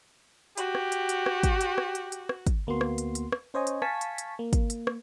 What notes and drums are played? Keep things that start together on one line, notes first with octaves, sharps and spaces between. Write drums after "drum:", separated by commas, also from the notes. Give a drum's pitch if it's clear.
F#4 G4, drum: hi-hat
drum: rim click
drum: hi-hat
drum: hi-hat
drum: rim click
drum: kick, hi-hat
drum: hi-hat
drum: rim click
drum: hi-hat
drum: hi-hat
drum: rim click
drum: kick, hi-hat
D2 A#3 B3 F#4 C6
drum: rim click
drum: hi-hat
drum: hi-hat
drum: rim click
C#4 C5 C#5 D#5 G#5
drum: hi-hat
F5 G#5 A5 C#6 B6, drum: rim click
drum: hi-hat
drum: hi-hat
A#3
drum: kick, hi-hat
drum: hi-hat
drum: rim click